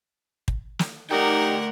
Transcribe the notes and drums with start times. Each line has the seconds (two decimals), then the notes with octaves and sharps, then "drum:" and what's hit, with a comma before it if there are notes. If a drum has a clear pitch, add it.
0.48 drum: kick
0.79 drum: snare
1.11 A3 D#4 G4 A#4 D5 F#5 G5